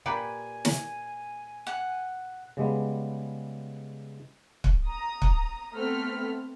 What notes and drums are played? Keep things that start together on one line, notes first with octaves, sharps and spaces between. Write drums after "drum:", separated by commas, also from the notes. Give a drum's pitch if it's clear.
A#2 G4 B4 G#5
drum: snare
F#5
C#3 G3 G#3 B3
drum: kick
A#5 D#6
drum: kick
A3 B3 C4 F6 B6